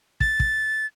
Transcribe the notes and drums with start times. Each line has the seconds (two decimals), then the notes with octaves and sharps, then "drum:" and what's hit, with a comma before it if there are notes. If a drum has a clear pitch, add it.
0.20 A6, drum: kick
0.40 drum: kick